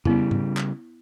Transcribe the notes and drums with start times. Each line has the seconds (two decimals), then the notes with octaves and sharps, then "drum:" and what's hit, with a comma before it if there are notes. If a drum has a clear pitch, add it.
0.05 C#3 G3 B3 E4, drum: tom F2
0.31 drum: tom
0.57 drum: clap